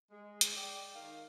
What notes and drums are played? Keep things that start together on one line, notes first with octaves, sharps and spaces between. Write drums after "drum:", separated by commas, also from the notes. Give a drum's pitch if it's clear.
G#3
drum: hi-hat
D5 G5
D#3 F5